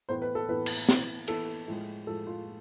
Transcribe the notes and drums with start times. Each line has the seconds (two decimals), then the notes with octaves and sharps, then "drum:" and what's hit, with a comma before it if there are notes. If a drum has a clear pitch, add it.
0.09 A2 E3 B3 C5
0.22 B4
0.35 A4
0.49 A2 E3 B3 B4
0.66 drum: cymbal
0.89 E3 B3, drum: snare
1.28 E3 B3 A4, drum: cymbal
1.68 A2 F3 G#3
2.07 A2 F3 G#3 A4
2.27 F4